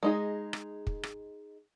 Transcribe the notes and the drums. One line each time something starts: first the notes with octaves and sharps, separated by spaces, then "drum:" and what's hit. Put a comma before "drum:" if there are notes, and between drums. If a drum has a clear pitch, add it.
G#3 D#4 G#4
drum: rim click
drum: kick
drum: rim click